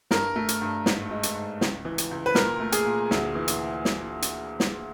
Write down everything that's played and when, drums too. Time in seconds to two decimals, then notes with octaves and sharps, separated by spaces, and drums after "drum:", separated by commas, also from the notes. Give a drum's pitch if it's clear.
0.11 G2 A#4, drum: snare
0.36 A3
0.49 drum: hi-hat
0.62 G2
0.86 G#2, drum: snare
1.11 G#3
1.23 drum: hi-hat
1.35 G#2
1.61 C#2, drum: snare
1.85 E3
1.98 drum: hi-hat
2.11 C#2
2.26 B4
2.35 A#2 A#4, drum: snare
2.60 A3
2.72 G#4, drum: hi-hat
2.86 A#2
3.11 D2, drum: snare
3.35 E3
3.48 drum: hi-hat
3.85 drum: snare
4.22 drum: hi-hat
4.60 drum: snare